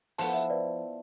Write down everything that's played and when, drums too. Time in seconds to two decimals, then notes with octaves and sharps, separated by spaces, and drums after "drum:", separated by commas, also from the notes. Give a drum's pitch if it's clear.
0.18 F3 B3 E4 A5 C6, drum: open hi-hat
0.34 C5 E5
0.50 B4 D5